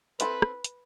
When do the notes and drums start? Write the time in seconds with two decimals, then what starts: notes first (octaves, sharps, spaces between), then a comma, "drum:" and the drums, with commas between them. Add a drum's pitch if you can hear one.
0.20 C4 E4 A4 B4 C5, drum: hi-hat
0.42 drum: rim click
0.64 drum: hi-hat